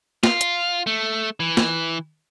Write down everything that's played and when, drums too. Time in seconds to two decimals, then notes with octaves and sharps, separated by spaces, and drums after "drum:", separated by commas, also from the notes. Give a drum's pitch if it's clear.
0.23 F4, drum: snare
0.41 drum: hi-hat
0.87 A3
1.40 E3
1.57 drum: snare